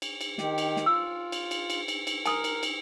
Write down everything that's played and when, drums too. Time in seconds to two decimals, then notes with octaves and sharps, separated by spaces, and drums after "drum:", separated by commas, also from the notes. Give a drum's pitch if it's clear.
0.02 drum: cymbal
0.21 drum: cymbal
0.38 D#3 G4, drum: snare
0.58 drum: cymbal
0.77 drum: snare
0.86 F4 E6
1.32 drum: cymbal
1.51 drum: cymbal
1.70 drum: cymbal
1.88 drum: cymbal
2.07 drum: cymbal
2.26 A#4 G#5 D#6, drum: cymbal
2.44 drum: cymbal
2.63 drum: cymbal